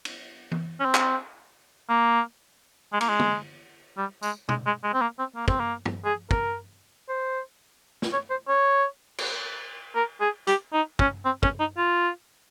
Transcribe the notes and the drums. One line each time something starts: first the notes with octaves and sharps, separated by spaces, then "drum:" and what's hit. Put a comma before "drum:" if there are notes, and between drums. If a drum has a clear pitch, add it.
drum: cymbal
drum: tom
C#4
C4
drum: clap
A#3
G#3
A#3, drum: cymbal
G#3
drum: tom
G3
G#3, drum: tambourine
G#3, drum: tom
G#3
G#3
C4
A#3
C4
A#3
C4, drum: kick
A#3
drum: tom
G#4
A#4, drum: kick
C5
drum: snare
C#5
C5
C#5
drum: cymbal
A#4
G#4
G4, drum: hi-hat
D#4
C#4, drum: kick
C4
C#4, drum: kick
D#4
F4